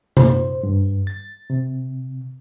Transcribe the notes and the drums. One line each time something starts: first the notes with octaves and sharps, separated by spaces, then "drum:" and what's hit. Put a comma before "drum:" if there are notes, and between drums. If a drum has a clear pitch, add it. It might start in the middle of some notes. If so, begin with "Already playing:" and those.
C5, drum: tom C3
G2
A6
C3